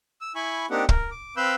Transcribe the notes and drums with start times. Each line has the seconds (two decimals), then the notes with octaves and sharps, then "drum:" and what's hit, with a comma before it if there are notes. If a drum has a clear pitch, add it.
0.21 E6
0.35 E4 G#5 B5 C#6
0.70 A#3 C4 D4 D#4 G4 F#5
0.89 A#4, drum: kick
1.11 D6
1.37 C4 B4 F5 B5 E6 G6